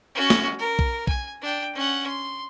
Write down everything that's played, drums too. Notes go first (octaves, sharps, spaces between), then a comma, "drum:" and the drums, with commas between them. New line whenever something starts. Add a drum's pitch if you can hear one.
C#4 F#4
drum: snare
A#4
drum: kick B1
G#5, drum: kick B1
D4 G5
C#4 F#5
C6